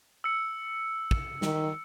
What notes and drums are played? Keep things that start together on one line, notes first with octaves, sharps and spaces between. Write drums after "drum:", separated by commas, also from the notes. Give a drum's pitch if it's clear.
E6 C#7
drum: kick
D#3, drum: snare